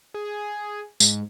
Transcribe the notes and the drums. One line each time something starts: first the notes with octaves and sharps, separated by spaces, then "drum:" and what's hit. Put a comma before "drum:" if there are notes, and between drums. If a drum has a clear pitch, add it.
G#4
G#2 G#3, drum: tambourine